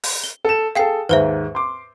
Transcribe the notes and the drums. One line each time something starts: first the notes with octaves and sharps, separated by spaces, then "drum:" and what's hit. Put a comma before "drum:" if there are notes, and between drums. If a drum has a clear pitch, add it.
drum: open hi-hat
G7
A4 E7
G#4 A4 F5 G5 C7
D#2 G#2 B4 C5 E5
C6 D6